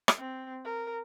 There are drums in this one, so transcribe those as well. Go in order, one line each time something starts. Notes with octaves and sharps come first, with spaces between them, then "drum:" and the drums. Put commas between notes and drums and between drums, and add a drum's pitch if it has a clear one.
drum: rim click
C4
A#4